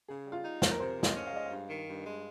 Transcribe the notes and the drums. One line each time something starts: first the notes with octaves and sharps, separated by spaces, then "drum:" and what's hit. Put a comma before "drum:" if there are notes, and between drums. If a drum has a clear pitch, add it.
C#3 G#4
G3
F4
D#4
C4, drum: snare
A#4
C3 C5
F3
D#5, drum: snare
C#4
F5
G#3 D#5
G2 F5
D#3
G2
G#3